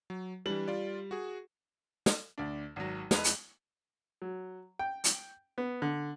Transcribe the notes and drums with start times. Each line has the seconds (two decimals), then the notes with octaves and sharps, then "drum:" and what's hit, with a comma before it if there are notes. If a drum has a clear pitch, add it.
0.10 F#3
0.46 E3 G3 D4 F#7
0.68 F4 D5
1.11 F#4 G#4
2.06 drum: snare
2.38 D2 D4
2.76 G#1 F#3
3.11 E2 G#3 B4 F7, drum: snare
3.24 drum: hi-hat
4.22 F#3
4.79 G5
5.04 drum: hi-hat
5.58 B3
5.82 D3